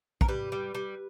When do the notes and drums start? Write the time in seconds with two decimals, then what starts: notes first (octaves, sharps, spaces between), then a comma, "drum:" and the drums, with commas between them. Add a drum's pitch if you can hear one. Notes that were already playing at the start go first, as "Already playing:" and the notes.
0.21 A#4, drum: kick
0.28 G3 B4
0.52 G3
0.75 G3